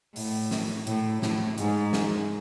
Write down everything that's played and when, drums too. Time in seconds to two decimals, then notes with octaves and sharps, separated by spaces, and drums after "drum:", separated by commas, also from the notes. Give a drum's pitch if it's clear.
0.16 A2, drum: open hi-hat
0.51 drum: snare
0.87 A2, drum: hi-hat
1.22 A2, drum: snare
1.58 G#2, drum: hi-hat
1.93 drum: snare